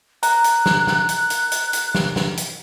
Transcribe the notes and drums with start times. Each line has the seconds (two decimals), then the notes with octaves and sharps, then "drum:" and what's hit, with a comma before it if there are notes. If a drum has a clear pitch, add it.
0.23 A#5 F#6, drum: hi-hat
0.44 drum: hi-hat
0.66 drum: snare
0.87 drum: snare
1.09 drum: hi-hat
1.30 drum: hi-hat
1.52 drum: hi-hat
1.73 drum: hi-hat
1.95 drum: snare
2.16 drum: snare
2.37 drum: hi-hat